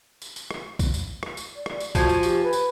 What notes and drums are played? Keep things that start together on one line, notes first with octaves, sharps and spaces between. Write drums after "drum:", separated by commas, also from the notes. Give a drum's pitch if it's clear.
drum: tambourine
drum: tambourine
drum: rim click
drum: kick B1, tambourine
drum: tambourine
drum: rim click
drum: tambourine
D5
drum: rim click
drum: tambourine
F3 F#4 G#5, drum: kick B1, tambourine
drum: tambourine
G4, drum: tambourine
B4
drum: tambourine